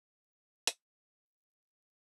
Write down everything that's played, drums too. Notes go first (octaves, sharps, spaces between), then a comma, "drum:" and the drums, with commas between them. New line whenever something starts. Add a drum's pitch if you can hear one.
G#3 A#3 F4 F#4 F5 G5
drum: hi-hat
C#4
C#4 G4